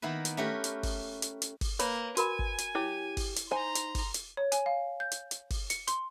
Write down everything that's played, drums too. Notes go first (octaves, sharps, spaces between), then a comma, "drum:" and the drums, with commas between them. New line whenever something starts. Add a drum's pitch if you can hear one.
D#3 A#3 B3 E4 B4
drum: hi-hat
A3 C#4 G4 A#4 B4
drum: hi-hat
drum: kick, open hi-hat
drum: hi-hat
drum: hi-hat
drum: kick, open hi-hat
A#3 B4 C#5 B5, drum: hi-hat
F#4 A#4 G#5 B5, drum: hi-hat
drum: kick
drum: hi-hat
E4 G4 C#5 D6
drum: kick, open hi-hat
drum: hi-hat
D#4 C5 G#5 A#5 C6
drum: hi-hat
drum: kick, open hi-hat
drum: hi-hat
C#5
G#5, drum: hi-hat
F5
G6
drum: hi-hat
drum: hi-hat
drum: kick, open hi-hat
C#7, drum: hi-hat
C6, drum: hi-hat